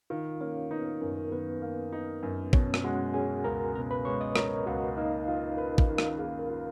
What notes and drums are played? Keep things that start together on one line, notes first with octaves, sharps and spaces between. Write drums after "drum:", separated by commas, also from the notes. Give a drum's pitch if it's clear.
D#3 F4 F5
A#3 C#4 C#5
B3 D#4 B4
A#4
F#2 A#4
A#4
D#3 B3 B4
A#3
D#4
F#2
B2 C#4 C#5, drum: kick
drum: rim click
G#3 F#4 F#5
C#4 G#4 G#5
C#2 A#4 A#5
B2 A#4 A#5
B4 B5
G#3 C#5 C#6
D#5 D#6
C#4 A#4 A#5, drum: rim click
C#2 F#4 F#5
A#3 D#4 D#5
F4
A#4 B4
drum: kick
D#3 A#4
drum: rim click
A#3 G#4
A#4
F4